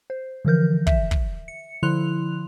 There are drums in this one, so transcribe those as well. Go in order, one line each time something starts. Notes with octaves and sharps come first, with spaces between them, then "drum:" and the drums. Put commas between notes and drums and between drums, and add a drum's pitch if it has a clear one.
C5
D3 E3 F3 A#4 G6
E5, drum: kick
drum: kick
C#7
D3 F3 E4 C6 F#6 F7